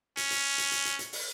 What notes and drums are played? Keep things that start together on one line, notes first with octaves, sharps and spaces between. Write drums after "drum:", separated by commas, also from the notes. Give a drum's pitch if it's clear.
C#4, drum: hi-hat
drum: hi-hat
drum: hi-hat
drum: hi-hat
drum: hi-hat
drum: hi-hat
drum: open hi-hat